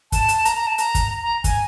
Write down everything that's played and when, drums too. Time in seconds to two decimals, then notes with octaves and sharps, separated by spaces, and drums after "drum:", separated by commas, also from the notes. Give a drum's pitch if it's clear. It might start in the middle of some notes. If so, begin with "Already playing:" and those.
0.12 A5, drum: kick, hi-hat
0.28 drum: hi-hat
0.45 A#5, drum: hi-hat
0.56 A#5
0.67 A5
0.78 A#5, drum: hi-hat
0.95 drum: kick, hi-hat
1.22 A#5
1.44 G#5, drum: kick, hi-hat